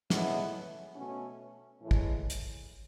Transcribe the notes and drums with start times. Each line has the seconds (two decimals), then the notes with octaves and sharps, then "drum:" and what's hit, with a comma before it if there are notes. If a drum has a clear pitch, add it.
0.10 A2 G#3 B3 E4, drum: snare
0.95 B2 A3 C#4
1.81 A2 E3 G#3
1.91 drum: kick
2.30 drum: hi-hat